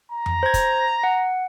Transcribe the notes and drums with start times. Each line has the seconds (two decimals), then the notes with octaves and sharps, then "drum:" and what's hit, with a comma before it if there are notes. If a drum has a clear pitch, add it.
0.12 A#5
0.26 drum: tom F2
0.43 C5 G#6
0.54 drum: kick, hi-hat
1.03 F#5